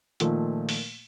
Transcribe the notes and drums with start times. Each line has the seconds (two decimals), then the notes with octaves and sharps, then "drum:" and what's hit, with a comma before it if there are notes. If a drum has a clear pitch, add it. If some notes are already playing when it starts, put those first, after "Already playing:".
0.20 A#2 D#3 F3 A3, drum: hi-hat
0.69 drum: open hi-hat